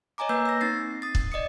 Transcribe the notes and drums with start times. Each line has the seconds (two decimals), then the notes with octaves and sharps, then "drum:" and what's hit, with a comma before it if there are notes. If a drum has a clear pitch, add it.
0.18 C#5 D#5 G#5 A#5 D6
0.29 A#3 B4 E6 G6
0.46 E6 A#6
0.61 C4 D#4 A6 C7
1.02 D#6 A6
1.15 drum: kick
1.32 D5 D#5 D#6 C#7